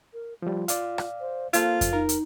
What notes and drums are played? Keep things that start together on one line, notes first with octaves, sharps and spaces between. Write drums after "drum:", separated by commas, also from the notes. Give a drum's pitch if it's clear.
A#4
F3 G3 F4
D5 F5, drum: hi-hat
drum: rim click
C5
A#3 F4 A4 C5 F5, drum: hi-hat
drum: kick F2, hi-hat
D#4 A#4
drum: hi-hat